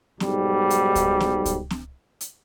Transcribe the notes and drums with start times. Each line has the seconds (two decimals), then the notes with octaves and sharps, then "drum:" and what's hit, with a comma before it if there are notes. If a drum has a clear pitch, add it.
0.20 B1 G#2 G3, drum: snare
0.70 drum: hi-hat
0.95 drum: kick C#2, hi-hat
1.20 drum: snare
1.45 drum: kick C#2, hi-hat
1.70 drum: snare
2.21 drum: hi-hat